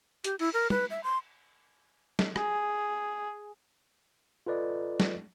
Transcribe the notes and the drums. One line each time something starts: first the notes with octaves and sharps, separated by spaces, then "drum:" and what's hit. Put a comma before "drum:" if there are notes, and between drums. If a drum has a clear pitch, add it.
G4, drum: hi-hat
E4, drum: cymbal
A#4
B4, drum: tom
E5
C6
drum: snare
G#4, drum: rim click
F4 A4 B4 D5 D#5
drum: snare